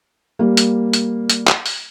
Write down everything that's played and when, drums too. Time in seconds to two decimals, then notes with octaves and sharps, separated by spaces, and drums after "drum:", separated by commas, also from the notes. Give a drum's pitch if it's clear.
0.39 G3 A#3
0.57 drum: hi-hat
0.93 drum: hi-hat
1.30 drum: hi-hat
1.48 drum: clap
1.66 drum: open hi-hat